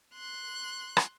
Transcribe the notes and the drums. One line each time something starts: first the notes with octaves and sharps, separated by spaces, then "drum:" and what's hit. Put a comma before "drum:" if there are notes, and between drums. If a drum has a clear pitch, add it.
C6 F#6
drum: rim click